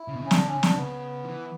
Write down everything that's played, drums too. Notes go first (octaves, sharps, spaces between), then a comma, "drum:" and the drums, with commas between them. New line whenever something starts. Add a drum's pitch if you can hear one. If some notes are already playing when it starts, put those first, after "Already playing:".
Already playing: E4
C#3
B2
C#3 C#4
D3 D4, drum: snare
C#4
C#3
D4, drum: snare
C#3 B3
E3